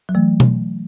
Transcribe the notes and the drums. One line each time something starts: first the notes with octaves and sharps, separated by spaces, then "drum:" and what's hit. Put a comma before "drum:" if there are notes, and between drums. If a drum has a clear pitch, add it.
F#3
E3 A3
drum: tom B2